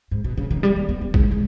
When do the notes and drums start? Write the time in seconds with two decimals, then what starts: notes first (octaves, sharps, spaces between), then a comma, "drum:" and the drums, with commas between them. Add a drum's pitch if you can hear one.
0.11 G#2
0.24 B2
0.37 C#3
0.51 D#3
0.63 G3
0.76 A#3
0.89 B3
1.01 A#3
1.14 G#3, drum: kick
1.31 G#3